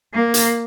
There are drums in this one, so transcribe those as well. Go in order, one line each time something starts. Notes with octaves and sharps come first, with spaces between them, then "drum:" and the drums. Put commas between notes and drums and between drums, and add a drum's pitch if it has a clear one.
A#3
drum: hi-hat